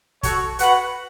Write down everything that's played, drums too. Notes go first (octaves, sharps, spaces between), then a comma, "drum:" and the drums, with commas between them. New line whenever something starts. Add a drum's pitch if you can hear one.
F#4 A4 C#5, drum: kick, hi-hat
F#4 B4 F#5, drum: hi-hat